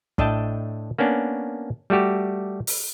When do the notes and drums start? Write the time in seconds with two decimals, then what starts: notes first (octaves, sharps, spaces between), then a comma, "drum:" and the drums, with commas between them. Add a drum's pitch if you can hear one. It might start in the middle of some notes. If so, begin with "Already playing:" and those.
0.18 A2 D4 D#5 E5 G5 A5, drum: kick
0.98 A#3 B3 C#4 D4
1.90 G3 A3 F#4 G4
2.67 drum: open hi-hat